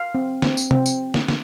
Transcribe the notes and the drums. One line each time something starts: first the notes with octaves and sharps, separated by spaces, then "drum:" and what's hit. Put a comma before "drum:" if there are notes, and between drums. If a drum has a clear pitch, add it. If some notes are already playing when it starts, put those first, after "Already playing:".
Already playing: F5
C4
C4, drum: snare
drum: tambourine
C4, drum: tom C3
drum: tambourine
drum: snare
drum: snare